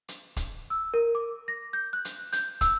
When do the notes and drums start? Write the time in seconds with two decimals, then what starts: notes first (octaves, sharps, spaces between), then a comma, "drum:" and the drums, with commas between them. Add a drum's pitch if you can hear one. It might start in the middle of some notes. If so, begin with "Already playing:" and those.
0.08 drum: hi-hat
0.37 drum: kick, hi-hat
0.70 E6
0.94 A#4
1.15 D6
1.48 A#6
1.73 G6
1.93 F#6
2.05 drum: hi-hat
2.33 G6, drum: hi-hat
2.61 E6, drum: kick, hi-hat